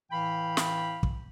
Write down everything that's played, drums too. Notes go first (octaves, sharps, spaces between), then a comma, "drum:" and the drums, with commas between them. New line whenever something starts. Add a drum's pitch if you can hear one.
A2 E3 F5 G5 B5
drum: snare
drum: kick